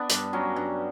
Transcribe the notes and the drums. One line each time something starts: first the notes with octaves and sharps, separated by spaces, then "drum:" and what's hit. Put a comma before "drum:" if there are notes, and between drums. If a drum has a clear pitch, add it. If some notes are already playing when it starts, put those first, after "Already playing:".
Already playing: B3 D4
G2, drum: hi-hat
F#3 C#4
G2